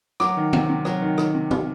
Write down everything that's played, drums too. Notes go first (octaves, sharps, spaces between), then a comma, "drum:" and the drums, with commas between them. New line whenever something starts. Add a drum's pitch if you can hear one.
F#3 D6, drum: rim click
D#3
C3, drum: tom D#3
C3
F#3, drum: rim click
D#3
D#3, drum: rim click
C3
drum: tom